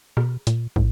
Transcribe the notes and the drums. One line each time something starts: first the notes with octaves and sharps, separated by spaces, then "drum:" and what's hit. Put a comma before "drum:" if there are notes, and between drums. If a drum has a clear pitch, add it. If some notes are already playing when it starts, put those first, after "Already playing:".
B2, drum: rim click
A#2, drum: hi-hat
A2, drum: kick